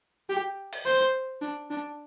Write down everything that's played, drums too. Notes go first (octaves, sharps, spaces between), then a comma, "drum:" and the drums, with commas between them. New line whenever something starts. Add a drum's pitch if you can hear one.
G4
drum: open hi-hat
C5
D4
D4